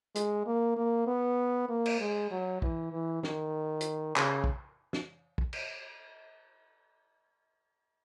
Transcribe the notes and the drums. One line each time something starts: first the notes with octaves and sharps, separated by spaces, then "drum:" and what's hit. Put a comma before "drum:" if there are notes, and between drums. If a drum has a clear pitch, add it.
G#3, drum: hi-hat
A#3
A#3
B3
A#3
drum: cymbal
G#3
F#3
E3, drum: kick
E3
D#3, drum: snare
drum: hi-hat
C#3, drum: clap
drum: kick
drum: snare
drum: kick
drum: cymbal